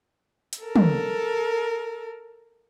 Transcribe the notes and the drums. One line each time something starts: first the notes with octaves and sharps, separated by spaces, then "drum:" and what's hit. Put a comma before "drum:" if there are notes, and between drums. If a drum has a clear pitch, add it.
drum: hi-hat
A4 A#4
drum: tom